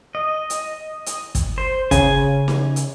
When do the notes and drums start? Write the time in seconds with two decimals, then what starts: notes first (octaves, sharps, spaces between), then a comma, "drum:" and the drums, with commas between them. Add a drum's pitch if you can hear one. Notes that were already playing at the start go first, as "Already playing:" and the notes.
0.15 D#5
0.50 drum: hi-hat
1.06 drum: hi-hat
1.35 drum: kick, hi-hat
1.58 C5
1.91 C#3 G#5, drum: kick, hi-hat
2.48 drum: snare
2.76 drum: hi-hat